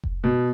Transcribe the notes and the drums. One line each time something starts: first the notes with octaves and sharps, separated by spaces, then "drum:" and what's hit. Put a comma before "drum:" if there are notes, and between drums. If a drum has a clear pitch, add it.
drum: kick F1
B2